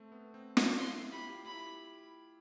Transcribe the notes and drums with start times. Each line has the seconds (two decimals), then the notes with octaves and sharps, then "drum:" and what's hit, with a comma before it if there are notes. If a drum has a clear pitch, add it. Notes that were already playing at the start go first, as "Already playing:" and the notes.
Already playing: A3 C4
0.12 B3
0.34 C4
0.57 D4, drum: snare
0.79 E4 C6
0.95 F4
1.12 G4 B5
1.29 G4
1.45 E4 B5